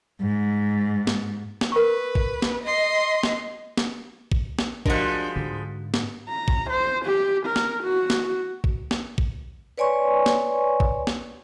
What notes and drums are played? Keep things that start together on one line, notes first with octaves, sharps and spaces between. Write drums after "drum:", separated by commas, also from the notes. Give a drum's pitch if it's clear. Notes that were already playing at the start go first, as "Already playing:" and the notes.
G#2
drum: snare
drum: snare
A#4 B4 C#6
drum: kick A1
drum: snare
D#5 C6
drum: snare
drum: snare
drum: kick A1
drum: snare
F3 G3 G#3 D4 F#4 A#4, drum: kick A1
G#2 D3
drum: snare
A#5
drum: kick A1
C5
G4
A#4
drum: snare
F#4
drum: snare
drum: kick A1
drum: snare
drum: kick A1
B4 C#5 D5 G#5 C6 C#6
drum: snare
drum: kick A1
drum: snare